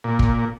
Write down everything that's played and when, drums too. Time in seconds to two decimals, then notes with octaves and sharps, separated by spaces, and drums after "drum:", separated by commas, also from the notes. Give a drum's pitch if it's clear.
0.04 A#2
0.19 drum: kick